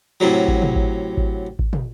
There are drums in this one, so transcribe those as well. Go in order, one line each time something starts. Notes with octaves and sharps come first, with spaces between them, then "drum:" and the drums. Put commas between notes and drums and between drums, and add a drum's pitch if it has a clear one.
A2 C3 F#3
drum: kick G#1
drum: tom
drum: kick G#1
drum: kick G#1
drum: kick G#1
drum: tom